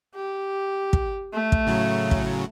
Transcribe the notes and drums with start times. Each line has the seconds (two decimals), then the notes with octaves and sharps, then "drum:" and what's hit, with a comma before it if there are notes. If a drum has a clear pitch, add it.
0.15 G4
0.93 drum: kick
1.34 A3
1.52 drum: kick
1.67 A2 C#3 F#3
2.11 drum: kick